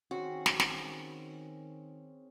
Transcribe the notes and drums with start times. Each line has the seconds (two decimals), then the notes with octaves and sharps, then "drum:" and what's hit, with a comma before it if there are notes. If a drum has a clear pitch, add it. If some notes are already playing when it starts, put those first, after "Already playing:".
0.11 D#3 C4 C#4 F#4 G#4
0.46 drum: snare
0.60 drum: snare